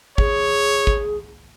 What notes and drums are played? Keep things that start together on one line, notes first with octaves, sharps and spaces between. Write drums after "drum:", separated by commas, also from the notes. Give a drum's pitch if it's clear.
G#4 C#5, drum: kick
drum: kick